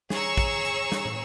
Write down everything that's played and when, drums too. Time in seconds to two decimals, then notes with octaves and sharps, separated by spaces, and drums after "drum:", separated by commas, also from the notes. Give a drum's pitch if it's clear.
0.10 G#4 C#5 A#5 C#6 E6, drum: snare
0.37 drum: kick, hi-hat
0.65 drum: hi-hat
0.92 drum: snare
1.05 drum: tom